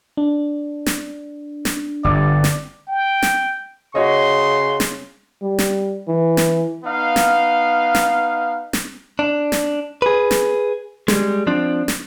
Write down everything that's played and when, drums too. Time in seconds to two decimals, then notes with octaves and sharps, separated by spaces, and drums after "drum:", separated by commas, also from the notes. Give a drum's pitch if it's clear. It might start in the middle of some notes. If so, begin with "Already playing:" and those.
0.17 D4
0.86 drum: snare
1.65 drum: snare
2.04 G1 G2 D5
2.44 drum: snare
2.88 G5
3.22 drum: snare
3.95 C#3 F#4 C#5 D#5 C6
4.80 drum: snare
5.42 G3
5.59 drum: snare
6.08 E3
6.37 drum: snare
6.85 B3 D#4 F5
7.16 drum: snare
7.95 drum: snare
8.73 drum: snare
9.19 D4
9.52 drum: snare
10.02 G#4 B4
10.31 drum: snare
11.08 G3 G#3, drum: snare
11.47 F3 C4 D4
11.88 drum: snare